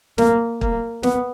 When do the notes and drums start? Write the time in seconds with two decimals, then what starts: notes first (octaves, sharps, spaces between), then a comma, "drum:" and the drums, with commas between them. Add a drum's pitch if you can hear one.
0.18 A#3, drum: snare
0.61 A#3, drum: kick
1.03 B3, drum: snare